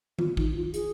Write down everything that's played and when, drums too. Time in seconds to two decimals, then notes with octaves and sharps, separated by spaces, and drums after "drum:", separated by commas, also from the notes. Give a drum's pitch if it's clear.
0.19 F4, drum: tom D#3
0.37 D#4, drum: kick
0.55 F4
0.74 G#4, drum: hi-hat